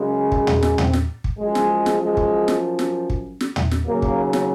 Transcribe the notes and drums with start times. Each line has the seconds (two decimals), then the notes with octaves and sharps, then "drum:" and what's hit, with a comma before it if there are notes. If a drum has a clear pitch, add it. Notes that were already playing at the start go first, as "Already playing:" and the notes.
Already playing: F#2 C#3 G#3
0.32 drum: kick
0.47 drum: tom
0.63 drum: snare
0.78 C4, drum: tom
0.93 drum: snare
1.24 drum: kick
1.39 F#2 F3 G#3
1.55 drum: snare
1.86 drum: snare
2.02 G#3
2.17 drum: kick
2.48 drum: snare
2.79 drum: snare
3.10 drum: kick
3.41 drum: snare
3.56 drum: tom
3.71 drum: snare
3.87 D#2 C#3 F#3 A#3
4.02 drum: kick
4.33 drum: snare